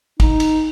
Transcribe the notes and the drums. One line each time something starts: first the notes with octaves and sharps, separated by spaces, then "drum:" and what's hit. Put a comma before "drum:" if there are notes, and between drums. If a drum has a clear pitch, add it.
D#4, drum: kick, cymbal
drum: cymbal